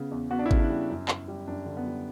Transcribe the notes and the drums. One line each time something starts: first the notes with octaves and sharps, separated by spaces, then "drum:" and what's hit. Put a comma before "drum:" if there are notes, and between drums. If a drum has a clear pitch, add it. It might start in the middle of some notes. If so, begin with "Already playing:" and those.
Already playing: C#3 B3
E2
B3 F#4
D4
E4
C#3, drum: kick G#1
D4
G3
F#2
F#2, drum: clap
G3
F#2 D4
D3
B3
G3